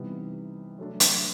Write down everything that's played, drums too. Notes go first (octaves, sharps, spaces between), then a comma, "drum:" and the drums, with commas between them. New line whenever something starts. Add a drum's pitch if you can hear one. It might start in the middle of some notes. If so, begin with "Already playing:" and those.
Already playing: C3 E3 G3 B3 D#4
F#3 A3 D4
drum: hi-hat